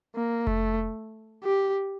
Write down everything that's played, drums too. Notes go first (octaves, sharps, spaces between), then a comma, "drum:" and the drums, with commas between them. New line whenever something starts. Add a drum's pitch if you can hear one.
A#3
A3, drum: kick F1
G4